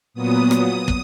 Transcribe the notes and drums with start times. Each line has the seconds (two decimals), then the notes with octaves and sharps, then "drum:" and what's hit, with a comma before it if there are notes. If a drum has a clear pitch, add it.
0.14 A#2 F#3 B3 D#6
0.51 drum: rim click
0.88 drum: kick